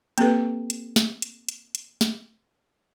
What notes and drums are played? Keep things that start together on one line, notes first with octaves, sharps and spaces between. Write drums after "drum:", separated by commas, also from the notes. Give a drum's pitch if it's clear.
A#3 C4 G4 A4 B4, drum: hi-hat
drum: hi-hat
drum: snare
drum: hi-hat
drum: hi-hat
drum: hi-hat
drum: snare